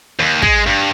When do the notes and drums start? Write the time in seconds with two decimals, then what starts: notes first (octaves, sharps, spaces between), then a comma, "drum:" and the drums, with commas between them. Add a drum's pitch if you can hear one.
0.20 D#2
0.42 G#3, drum: kick
0.67 G2